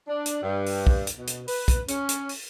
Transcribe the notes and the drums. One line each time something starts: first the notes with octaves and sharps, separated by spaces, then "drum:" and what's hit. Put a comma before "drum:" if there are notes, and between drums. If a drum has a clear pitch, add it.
D4
drum: hi-hat
G2
drum: open hi-hat
drum: kick
drum: hi-hat
B2
drum: hi-hat
B4, drum: open hi-hat
drum: kick, hi-hat
C#4, drum: hi-hat
drum: hi-hat
drum: open hi-hat